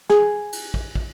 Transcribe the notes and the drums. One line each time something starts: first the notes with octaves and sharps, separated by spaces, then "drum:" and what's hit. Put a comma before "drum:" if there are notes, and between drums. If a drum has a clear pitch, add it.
G#4, drum: snare
drum: cymbal
drum: kick
drum: kick